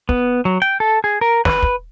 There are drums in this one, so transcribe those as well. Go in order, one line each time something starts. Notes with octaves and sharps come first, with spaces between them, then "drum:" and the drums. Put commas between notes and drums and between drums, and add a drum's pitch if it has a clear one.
B3, drum: kick
F#3
G5
A4
G#4
A#4
B4, drum: snare
drum: kick